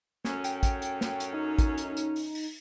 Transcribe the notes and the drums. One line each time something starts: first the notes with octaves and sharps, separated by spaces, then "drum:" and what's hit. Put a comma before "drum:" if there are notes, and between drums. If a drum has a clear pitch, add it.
F#2 A3 C#4, drum: snare
G5, drum: hi-hat
drum: kick, hi-hat
drum: hi-hat
drum: snare
drum: hi-hat
D#4
drum: kick, hi-hat
drum: hi-hat
drum: hi-hat
drum: open hi-hat
drum: open hi-hat